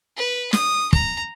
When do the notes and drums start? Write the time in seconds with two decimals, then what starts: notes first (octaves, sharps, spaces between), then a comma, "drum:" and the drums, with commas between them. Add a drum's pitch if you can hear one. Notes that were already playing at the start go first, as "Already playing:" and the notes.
0.16 B4
0.53 D#6, drum: snare
0.93 A#5, drum: kick